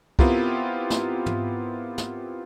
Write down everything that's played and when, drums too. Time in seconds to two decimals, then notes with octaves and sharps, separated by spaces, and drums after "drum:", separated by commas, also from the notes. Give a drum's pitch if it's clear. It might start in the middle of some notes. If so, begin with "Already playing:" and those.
0.19 B3 C4 E4 F4 G4 A#4, drum: kick
0.90 drum: snare
1.26 drum: tom
1.98 drum: snare